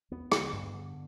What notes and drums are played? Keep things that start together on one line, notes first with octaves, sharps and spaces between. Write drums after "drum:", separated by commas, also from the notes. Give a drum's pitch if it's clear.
E2 B3
D3, drum: rim click
G2
D3